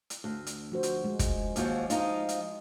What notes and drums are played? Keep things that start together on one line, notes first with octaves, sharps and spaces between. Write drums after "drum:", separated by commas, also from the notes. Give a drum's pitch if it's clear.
drum: hi-hat
D2
drum: hi-hat
F3 F#4 C5
drum: hi-hat
G#3
drum: kick, hi-hat
D#2 F3 F#4, drum: hi-hat
F3 D#4 F4 D#5, drum: hi-hat
drum: hi-hat